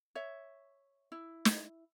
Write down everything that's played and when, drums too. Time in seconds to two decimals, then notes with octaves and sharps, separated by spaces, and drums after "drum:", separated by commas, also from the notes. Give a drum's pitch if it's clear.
0.15 C#5 E5
1.12 E4
1.45 drum: snare